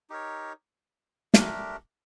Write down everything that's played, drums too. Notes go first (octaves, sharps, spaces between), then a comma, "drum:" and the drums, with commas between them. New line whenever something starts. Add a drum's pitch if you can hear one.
D#4 G4 A#4 C#5
A3 D4 G4 A#4, drum: snare